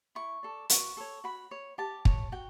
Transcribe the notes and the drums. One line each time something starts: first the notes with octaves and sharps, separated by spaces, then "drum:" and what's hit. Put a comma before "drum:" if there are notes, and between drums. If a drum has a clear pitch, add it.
E4 C#6
A4 D5
F#4 C#6, drum: hi-hat
A4 C#5
F#4 B5
C#5
G4 A5
C#5, drum: kick
F#4 G5